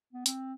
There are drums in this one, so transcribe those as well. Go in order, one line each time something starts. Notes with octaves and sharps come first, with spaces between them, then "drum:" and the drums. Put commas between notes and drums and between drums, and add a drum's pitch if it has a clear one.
B3
C4, drum: hi-hat